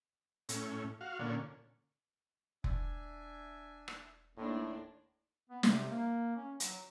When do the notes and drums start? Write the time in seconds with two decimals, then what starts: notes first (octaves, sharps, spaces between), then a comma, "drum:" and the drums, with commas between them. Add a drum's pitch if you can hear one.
0.49 A2 C#4, drum: hi-hat
1.01 F#4 F5
1.19 A#2 D3 C#4
2.64 E1 D4 E5 G#5, drum: kick F1
3.88 drum: rim click
4.37 D#2 A2 D4 G#5 A#5 C6
5.49 B3
5.63 C3, drum: snare
5.90 A#3
6.36 C#4
6.60 F#3, drum: hi-hat